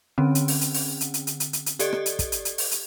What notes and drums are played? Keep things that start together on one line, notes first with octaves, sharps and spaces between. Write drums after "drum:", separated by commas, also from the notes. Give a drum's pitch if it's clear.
D3 C4 C#4
drum: hi-hat
drum: open hi-hat
drum: hi-hat
drum: open hi-hat
drum: hi-hat
drum: hi-hat
drum: hi-hat
drum: hi-hat
drum: hi-hat
drum: hi-hat
G4 A4 D5 D#5, drum: hi-hat
drum: rim click
drum: hi-hat
drum: kick, hi-hat
drum: hi-hat
drum: hi-hat
drum: open hi-hat
drum: hi-hat